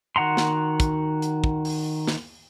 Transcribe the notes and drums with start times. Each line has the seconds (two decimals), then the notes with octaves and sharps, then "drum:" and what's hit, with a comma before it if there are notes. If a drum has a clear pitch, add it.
0.16 D#3 F#4 F#5 A#5 C6
0.37 drum: snare
0.80 drum: kick, hi-hat
1.22 drum: hi-hat
1.44 drum: kick
1.65 drum: open hi-hat
2.07 drum: snare